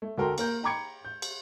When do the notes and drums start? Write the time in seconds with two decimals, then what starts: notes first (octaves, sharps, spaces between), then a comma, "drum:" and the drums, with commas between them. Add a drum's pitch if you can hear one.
0.02 A3
0.18 D2 F#4 A4 A#4 G5 C6
0.38 A#3 A#4 G6, drum: cymbal
0.63 G5 A#5 B5 D6 G#6 C#7
1.05 G6
1.22 drum: cymbal